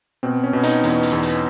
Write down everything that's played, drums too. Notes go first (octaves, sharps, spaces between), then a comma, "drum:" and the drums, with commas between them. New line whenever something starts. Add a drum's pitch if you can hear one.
B2 C4
C#4
B2
D#4, drum: hi-hat
E2, drum: hi-hat
drum: hi-hat
E2
drum: hi-hat